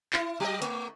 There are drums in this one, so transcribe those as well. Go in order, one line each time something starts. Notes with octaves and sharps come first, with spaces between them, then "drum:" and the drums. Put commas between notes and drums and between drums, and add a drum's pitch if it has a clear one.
E4, drum: clap
F#3 D#5
A3, drum: hi-hat